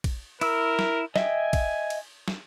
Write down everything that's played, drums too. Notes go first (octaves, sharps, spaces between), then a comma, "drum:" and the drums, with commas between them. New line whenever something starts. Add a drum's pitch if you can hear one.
drum: kick A#1, cymbal
E4 A#4 E6, drum: cymbal
drum: snare
D#5 E5 G5 G#5, drum: snare
drum: kick A#1, cymbal
drum: cymbal
drum: snare